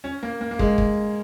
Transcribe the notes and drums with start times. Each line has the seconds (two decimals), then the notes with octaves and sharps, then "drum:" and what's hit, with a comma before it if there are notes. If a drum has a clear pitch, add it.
0.04 C#4
0.23 A#3
0.41 A#3
0.51 A#3
0.59 G#3, drum: kick
0.78 drum: kick